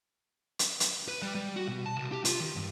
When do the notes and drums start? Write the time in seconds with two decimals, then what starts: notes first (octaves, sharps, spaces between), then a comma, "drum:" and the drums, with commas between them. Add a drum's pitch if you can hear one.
0.59 drum: hi-hat
0.80 drum: hi-hat
1.08 B4
1.22 G3
1.35 G3
1.56 F#4
1.68 B2
1.86 A5
1.97 C2
2.12 G4
2.25 F4, drum: hi-hat
2.40 D#3
2.56 G2